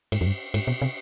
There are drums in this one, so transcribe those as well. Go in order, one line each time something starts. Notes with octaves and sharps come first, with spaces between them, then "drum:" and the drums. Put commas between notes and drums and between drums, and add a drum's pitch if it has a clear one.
G#2, drum: cymbal
F2
G2
G#2, drum: cymbal
B2
C3